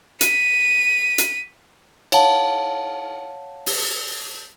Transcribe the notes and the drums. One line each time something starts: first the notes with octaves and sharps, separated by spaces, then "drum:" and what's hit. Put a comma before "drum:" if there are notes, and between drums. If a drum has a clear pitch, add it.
B6 D#7, drum: hi-hat
drum: hi-hat
C#5 F5 F#5 A5, drum: cymbal
drum: open hi-hat